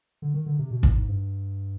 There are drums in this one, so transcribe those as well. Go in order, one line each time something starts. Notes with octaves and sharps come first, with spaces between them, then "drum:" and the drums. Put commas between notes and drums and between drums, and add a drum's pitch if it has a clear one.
D3
D#3
D3
C3
B2
G#2, drum: kick
G#2
G2